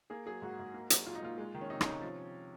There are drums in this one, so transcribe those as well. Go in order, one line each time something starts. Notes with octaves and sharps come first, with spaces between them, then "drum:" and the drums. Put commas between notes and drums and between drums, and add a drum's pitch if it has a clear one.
A#3 G#4
F#3 G#4
G#2 F#4
G#2
A#3
F#3, drum: hi-hat
A#2 F4
D#4
A#2 F4
G#3
D#3
C#4
C3 D#4
D#4, drum: rim click
C3 C#4
F3